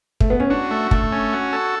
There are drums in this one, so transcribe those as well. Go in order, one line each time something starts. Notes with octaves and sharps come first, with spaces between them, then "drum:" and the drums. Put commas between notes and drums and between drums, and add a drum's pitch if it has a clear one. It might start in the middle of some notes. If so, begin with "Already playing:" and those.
A3, drum: kick
B3
C#4
D4 F#4
A3
A3, drum: kick
C#4
F#4
A4